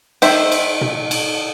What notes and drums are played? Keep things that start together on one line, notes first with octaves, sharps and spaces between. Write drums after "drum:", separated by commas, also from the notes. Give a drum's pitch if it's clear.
D#3 C5 E5, drum: cymbal
drum: cymbal
drum: tom A#2
drum: cymbal